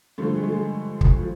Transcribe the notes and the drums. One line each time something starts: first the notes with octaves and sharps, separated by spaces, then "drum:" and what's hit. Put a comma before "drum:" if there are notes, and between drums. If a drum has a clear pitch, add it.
G2 D3 F3 A3
G#3
A3
G#3
drum: kick
F3